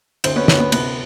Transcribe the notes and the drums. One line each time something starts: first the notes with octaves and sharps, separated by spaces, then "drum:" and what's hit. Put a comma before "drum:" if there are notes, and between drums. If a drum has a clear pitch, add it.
D2 C4, drum: cymbal
B3 C#4
D2 B3 C#4, drum: snare
B3
C3 B3, drum: cymbal